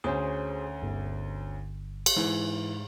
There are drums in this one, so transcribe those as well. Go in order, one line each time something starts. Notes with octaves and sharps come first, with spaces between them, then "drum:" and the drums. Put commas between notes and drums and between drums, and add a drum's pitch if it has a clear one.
D2 C#4 G#4 C5
G1
drum: cymbal
G#2 E3